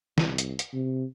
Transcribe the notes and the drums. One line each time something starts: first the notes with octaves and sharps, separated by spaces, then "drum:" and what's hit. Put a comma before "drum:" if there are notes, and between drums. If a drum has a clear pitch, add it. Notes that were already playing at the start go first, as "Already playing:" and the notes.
C2, drum: snare
drum: hi-hat
drum: hi-hat
C3